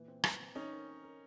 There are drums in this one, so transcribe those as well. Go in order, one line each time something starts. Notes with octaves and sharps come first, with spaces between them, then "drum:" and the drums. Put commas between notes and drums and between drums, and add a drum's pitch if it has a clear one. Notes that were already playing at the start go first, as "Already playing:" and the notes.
Already playing: A#2 E3
C4
E3, drum: rim click
C4
C#4 D#4 C#5
A#4
C#5
A#4